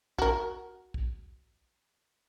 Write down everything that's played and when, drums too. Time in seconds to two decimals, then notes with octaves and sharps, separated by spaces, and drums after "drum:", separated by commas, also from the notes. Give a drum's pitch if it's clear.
0.18 F#4 A#4, drum: kick
0.94 drum: kick